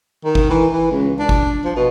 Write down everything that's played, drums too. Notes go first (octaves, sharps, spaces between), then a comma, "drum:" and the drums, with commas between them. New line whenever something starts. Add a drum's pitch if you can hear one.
D#3
drum: kick G1
E3
E3
C#2
D4
drum: kick G1
F3
B2